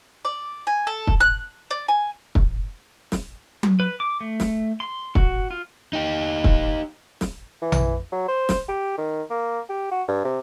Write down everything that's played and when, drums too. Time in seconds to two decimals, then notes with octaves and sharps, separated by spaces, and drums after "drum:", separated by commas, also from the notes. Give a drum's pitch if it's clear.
0.25 D5
0.67 G#5
0.87 A4
1.07 drum: kick
1.21 F#6
1.71 D5
1.89 G#5
2.35 drum: kick
3.12 drum: snare
3.63 drum: tom F#3
3.80 B4
4.00 D6
4.21 A3
4.40 drum: snare
4.80 C6
5.15 F#4, drum: kick
5.51 F4
5.93 D#4 G4
6.44 drum: kick
7.21 drum: snare
7.62 E3
7.72 drum: tom A#1
8.12 F#3
8.28 C5
8.49 drum: snare
8.69 G4
8.98 D#3
9.30 A#3
9.69 G4
9.92 F#4
10.08 G2
10.25 C3